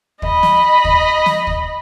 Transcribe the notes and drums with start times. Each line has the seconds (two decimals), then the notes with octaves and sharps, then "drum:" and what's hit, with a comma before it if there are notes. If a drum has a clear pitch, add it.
0.22 D#5 B5, drum: kick
0.43 drum: snare
0.85 drum: kick
1.26 drum: snare
1.47 drum: kick